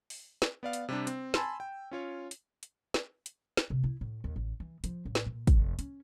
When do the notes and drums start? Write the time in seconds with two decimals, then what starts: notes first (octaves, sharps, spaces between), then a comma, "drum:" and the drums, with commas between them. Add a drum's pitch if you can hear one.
0.10 drum: open hi-hat
0.42 drum: snare
0.63 B3 D5 F5
0.73 drum: hi-hat
0.89 C3 G3 D4
1.07 C4, drum: hi-hat
1.34 G#5 A5 B5 C6 E6, drum: snare
1.60 G5
1.91 C#4 F4 C#5
2.31 drum: hi-hat
2.63 drum: hi-hat
2.94 drum: snare
3.26 drum: hi-hat
3.57 drum: snare
3.70 C3
3.83 E4
4.01 A2
4.24 D#2
4.36 A1
4.60 E3
4.84 F3, drum: hi-hat
5.05 A1
5.15 drum: snare
5.26 A#2
5.47 F1, drum: kick, hi-hat
5.79 C#4, drum: hi-hat